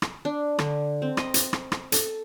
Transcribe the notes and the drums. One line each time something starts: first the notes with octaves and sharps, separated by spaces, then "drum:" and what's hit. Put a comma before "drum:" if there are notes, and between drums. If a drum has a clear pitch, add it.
drum: rim click
D4
D3, drum: rim click
C4
D#5, drum: rim click
drum: hi-hat
drum: rim click
drum: rim click
A4, drum: hi-hat